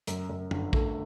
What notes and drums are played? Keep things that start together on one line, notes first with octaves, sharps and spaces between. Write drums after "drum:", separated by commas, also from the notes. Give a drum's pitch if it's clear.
F#2, drum: hi-hat
F#2
G1, drum: tom
A3, drum: kick